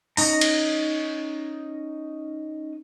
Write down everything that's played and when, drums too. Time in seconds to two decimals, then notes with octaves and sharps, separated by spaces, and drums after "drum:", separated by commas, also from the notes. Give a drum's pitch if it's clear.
0.17 C#4 D#4 A#5, drum: open hi-hat
0.41 drum: cymbal